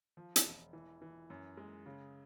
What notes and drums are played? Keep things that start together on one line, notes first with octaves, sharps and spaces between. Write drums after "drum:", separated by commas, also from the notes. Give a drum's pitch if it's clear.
F3
drum: hi-hat
E1
E3
E3
F#2
G#3
C#3